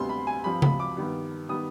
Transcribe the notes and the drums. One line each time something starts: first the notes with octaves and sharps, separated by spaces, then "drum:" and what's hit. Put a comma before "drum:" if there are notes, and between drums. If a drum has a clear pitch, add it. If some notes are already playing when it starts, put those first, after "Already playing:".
Already playing: D2 C3 G3 B3 C6
B5
G#5
G2 F3 C4 B5
B5, drum: tom C#3
D6
G2 D#3 B3
D#3 G3 B3 D#6